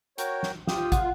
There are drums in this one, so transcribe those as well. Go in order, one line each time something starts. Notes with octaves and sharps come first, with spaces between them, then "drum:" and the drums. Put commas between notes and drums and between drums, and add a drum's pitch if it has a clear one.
F#4 A#4 C#5 G5, drum: hi-hat
drum: snare
F4 G4 G5 D#6, drum: snare
F#5, drum: kick, hi-hat